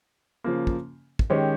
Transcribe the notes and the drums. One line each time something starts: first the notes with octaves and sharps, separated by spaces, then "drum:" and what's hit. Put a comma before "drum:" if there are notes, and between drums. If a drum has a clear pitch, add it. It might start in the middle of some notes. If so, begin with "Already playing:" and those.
C#3 F3 A#3
drum: kick
drum: kick
D#3 G#3 C#4 G4